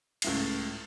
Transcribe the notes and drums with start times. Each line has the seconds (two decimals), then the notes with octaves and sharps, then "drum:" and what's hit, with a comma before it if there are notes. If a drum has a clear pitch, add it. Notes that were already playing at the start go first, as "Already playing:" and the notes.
0.22 C#2 A2 C7, drum: cymbal